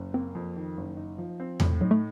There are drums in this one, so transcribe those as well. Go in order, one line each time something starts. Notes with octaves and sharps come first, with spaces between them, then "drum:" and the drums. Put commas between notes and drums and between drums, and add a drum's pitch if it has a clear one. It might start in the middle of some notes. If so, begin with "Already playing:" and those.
Already playing: F#1
A#3 C4
F2
D#3
F#1
D#4
F3
C4
A2, drum: tom E2
F#3 D#4
A3